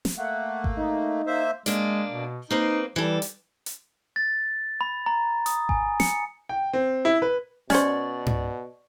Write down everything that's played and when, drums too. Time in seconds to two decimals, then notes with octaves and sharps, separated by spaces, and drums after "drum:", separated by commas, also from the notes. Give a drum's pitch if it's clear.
0.05 drum: snare
0.17 A3 A#3 F#5
0.64 drum: kick G#1
0.77 D#4
1.27 A#3 C5 E5
1.66 G#3 A#3 D4, drum: hi-hat
2.08 B2
2.51 A#3 C4 D#4 B4
2.96 E3 G3 A4
3.22 drum: hi-hat
3.66 drum: hi-hat
4.16 A6
4.81 B5
5.06 A#5
5.46 D#6, drum: hi-hat
5.69 G#5, drum: kick G#1
6.00 C#7, drum: snare
6.49 G5
6.73 C4
7.05 E4
7.22 B4
7.70 B2 C#4 C5 D5 C#6 G#6, drum: snare
8.26 drum: tom G#2